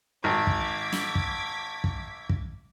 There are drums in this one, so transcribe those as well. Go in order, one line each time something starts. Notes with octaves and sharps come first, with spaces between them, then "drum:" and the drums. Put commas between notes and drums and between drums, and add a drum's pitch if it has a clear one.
G#1 D6 G#6 B6
drum: kick
drum: snare
drum: kick
drum: kick
drum: kick